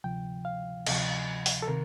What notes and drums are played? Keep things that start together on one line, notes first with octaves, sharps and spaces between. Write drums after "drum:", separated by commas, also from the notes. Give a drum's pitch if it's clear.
D2 C3 F3 G5
F5
D2 C3 F3 D#5, drum: cymbal
drum: open hi-hat
A4
C3 D#3 A#4